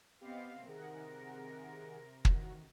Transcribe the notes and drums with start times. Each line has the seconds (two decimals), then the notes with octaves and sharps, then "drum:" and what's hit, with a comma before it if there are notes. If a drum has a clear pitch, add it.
0.21 B3 C4 G4 D#5 F5
0.68 C3 D#3 G#4 A#4 F#5
2.25 A1 D#3 F#4, drum: kick